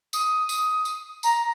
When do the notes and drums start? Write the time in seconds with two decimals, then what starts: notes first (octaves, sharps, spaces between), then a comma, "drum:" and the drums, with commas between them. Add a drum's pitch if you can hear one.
0.13 D#6, drum: tambourine
0.49 drum: tambourine
0.85 drum: tambourine
1.23 A#5, drum: tambourine